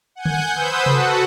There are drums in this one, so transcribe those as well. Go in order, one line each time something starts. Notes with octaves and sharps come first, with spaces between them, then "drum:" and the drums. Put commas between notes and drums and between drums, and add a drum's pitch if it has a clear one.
F#5 G#5 G6
drum: tom D3
B4 C5 D#6 E6 G6
F#4 A4 B4 F#5, drum: tom C3